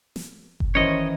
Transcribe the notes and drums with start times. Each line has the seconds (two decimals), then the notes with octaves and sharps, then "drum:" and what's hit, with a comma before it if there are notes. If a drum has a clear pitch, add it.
0.16 drum: snare
0.60 drum: kick F#1
0.75 D#3 E3 C#4 A#4 C5 C#5 D#5